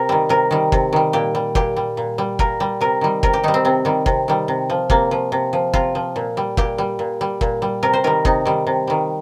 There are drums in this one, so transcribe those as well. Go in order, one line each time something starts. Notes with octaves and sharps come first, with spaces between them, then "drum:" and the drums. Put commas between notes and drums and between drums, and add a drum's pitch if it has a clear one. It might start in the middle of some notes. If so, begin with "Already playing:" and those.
Already playing: C3 A#4
D#3 G3
C3 A#4
D#3 G3
C3, drum: kick
D#3 G3
A#2 G4
G3
A#2 G4, drum: kick
G3
A#2
G3
A#2 A#4, drum: kick
G3
C3 A#4
D#3 G3
C3 A#4, drum: kick
G4
D#3 G3 D#4
C4
C3 C4
D#3 G3
C3, drum: kick
D#3 G3
C3
F3
C3 A#3, drum: kick
F3
C3
F3
C3 F4, drum: kick
F3
A#2
G3
A#2 G4, drum: kick
G3
A#2
G3
A#2, drum: kick
G3
C3 A#4
C5
D#3 G3 A#4
C3 D#4, drum: kick
D#3 G3
C3
D#3 G3